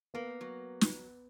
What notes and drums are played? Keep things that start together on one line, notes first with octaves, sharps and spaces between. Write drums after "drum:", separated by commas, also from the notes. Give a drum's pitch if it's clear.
A#3 B3
F#3
drum: snare